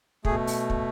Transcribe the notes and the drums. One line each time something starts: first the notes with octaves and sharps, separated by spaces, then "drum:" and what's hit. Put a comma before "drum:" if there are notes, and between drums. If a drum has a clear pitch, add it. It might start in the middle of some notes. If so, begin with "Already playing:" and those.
B2 A3 G#4, drum: kick
drum: open hi-hat
drum: kick